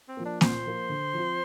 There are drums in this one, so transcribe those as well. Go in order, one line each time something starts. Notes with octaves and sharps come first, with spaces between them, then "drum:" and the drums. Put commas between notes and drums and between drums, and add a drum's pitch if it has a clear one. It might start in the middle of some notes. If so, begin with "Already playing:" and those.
C4
F3 A#3
D4
A#2 C5, drum: snare A#3
F3 A#3 F4 A#4
D3
F3 C4 F4